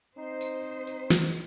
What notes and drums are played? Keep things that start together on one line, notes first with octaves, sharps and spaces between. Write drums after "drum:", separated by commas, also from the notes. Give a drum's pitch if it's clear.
C4 D#4 C5
drum: tambourine
drum: tambourine
drum: snare